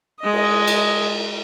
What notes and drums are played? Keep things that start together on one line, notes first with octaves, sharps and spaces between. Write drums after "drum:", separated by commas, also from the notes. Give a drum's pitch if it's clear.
G#3 D#5
drum: cymbal
drum: cymbal